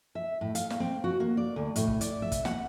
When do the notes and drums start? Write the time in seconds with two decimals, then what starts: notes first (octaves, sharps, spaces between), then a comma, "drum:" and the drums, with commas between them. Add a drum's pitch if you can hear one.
0.15 E5
0.41 A2
0.55 F5, drum: hi-hat
0.70 drum: snare
0.80 C4
1.04 F#4
1.20 A#3
1.37 D5
1.56 D2
1.76 A2, drum: hi-hat
1.88 drum: kick
2.01 D5, drum: hi-hat
2.22 E5
2.32 drum: kick, hi-hat
2.45 F#5, drum: snare